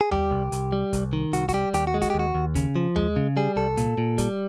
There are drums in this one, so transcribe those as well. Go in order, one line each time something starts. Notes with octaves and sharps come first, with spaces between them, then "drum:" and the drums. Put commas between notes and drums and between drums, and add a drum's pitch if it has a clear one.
G#4
G3 G4, drum: tom D#2
C2
C2, drum: hi-hat
G3
C2, drum: kick, hi-hat
D#3
C2 F#4, drum: hi-hat
F#4, drum: kick, hi-hat
G3 G4
D#2 G4, drum: hi-hat
F#4
G#3
F#4, drum: kick, hi-hat
G4
D#2
F#4
D#2
C#3, drum: kick, hi-hat
F3
G#3, drum: tom D#2
C#3
G3 G#4
C2 A4
A#2, drum: hi-hat
A#2
G3, drum: kick, hi-hat